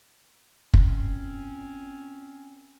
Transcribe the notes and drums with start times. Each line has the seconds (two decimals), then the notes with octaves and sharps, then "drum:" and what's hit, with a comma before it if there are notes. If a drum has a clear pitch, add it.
0.74 A#2 C4 C#4, drum: kick